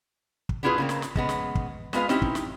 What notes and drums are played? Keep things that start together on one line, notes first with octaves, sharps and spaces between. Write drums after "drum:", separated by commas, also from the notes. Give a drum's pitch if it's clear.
drum: kick
B3 D4 E4 F4 G#4 B4
C#3 A#3 C4
drum: snare
drum: snare
C#3 G#3 B3, drum: kick
drum: snare
drum: kick
G#3 B3 F4 B4 F5, drum: snare
C4 C#4 D#4 E4 G4, drum: snare
drum: kick
drum: snare